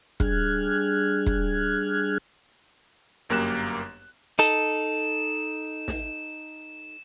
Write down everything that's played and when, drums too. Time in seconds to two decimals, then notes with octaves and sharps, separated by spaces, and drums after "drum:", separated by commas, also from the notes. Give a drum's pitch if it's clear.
0.20 G3 D4 G#4 F6 F#6 G#6, drum: kick
1.26 drum: kick
3.29 G1 F#2 A#3 G4 F#6 E7
4.39 D#4 A4 E7, drum: hi-hat
5.88 drum: snare